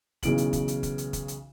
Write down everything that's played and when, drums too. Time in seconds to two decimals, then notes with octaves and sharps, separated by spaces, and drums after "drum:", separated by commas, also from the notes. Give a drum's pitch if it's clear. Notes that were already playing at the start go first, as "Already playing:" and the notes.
0.23 B1 C#3 E3 D7 F#7, drum: kick, hi-hat
0.38 drum: hi-hat
0.53 drum: kick, hi-hat
0.68 drum: hi-hat
0.83 drum: kick, hi-hat
0.98 drum: hi-hat
1.13 drum: kick, hi-hat
1.28 drum: hi-hat